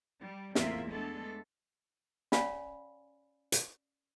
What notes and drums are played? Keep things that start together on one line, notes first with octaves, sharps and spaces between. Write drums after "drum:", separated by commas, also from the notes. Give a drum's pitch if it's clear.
G3
E2 A2 A#3 C4 F4 E5, drum: snare
G#3 A3 B3 D4 A4
C#4 C#5 D5 F5 G#5 B5, drum: snare
drum: hi-hat